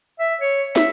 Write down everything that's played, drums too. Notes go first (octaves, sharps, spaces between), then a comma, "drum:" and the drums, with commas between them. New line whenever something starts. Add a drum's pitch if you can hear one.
E5
C#5
E5, drum: snare